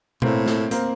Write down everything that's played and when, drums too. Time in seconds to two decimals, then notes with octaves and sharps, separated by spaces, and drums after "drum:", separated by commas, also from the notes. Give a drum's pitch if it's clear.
0.22 A2 A#3 C4, drum: tom B2
0.46 drum: snare
0.71 A#3 C4, drum: hi-hat